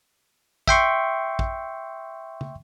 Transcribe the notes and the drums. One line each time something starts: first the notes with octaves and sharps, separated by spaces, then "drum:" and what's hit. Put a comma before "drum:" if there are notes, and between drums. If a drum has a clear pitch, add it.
E5 G5 C6 C#6, drum: kick
drum: kick
drum: tom